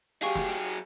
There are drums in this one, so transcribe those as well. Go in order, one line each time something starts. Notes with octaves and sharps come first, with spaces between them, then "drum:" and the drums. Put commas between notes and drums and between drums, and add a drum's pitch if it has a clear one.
F#3 G4 G#4 F5 G#5 C#6, drum: hi-hat
drum: snare
drum: hi-hat